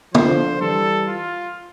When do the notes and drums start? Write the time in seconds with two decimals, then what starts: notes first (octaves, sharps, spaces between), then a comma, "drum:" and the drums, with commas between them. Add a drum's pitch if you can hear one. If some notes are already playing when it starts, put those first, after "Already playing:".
0.15 D3 F3 C5, drum: tom
0.61 E3 G3 A4
1.08 F4